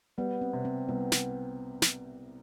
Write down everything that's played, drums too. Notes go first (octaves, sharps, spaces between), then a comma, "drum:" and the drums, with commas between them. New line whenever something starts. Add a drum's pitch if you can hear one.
G3 B3
C4
C3
C4
C2 B3
drum: snare
drum: snare